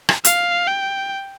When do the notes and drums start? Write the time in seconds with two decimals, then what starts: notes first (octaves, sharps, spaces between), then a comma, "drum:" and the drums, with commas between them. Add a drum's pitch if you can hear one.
0.09 drum: rim click
0.25 F5, drum: hi-hat
0.67 G5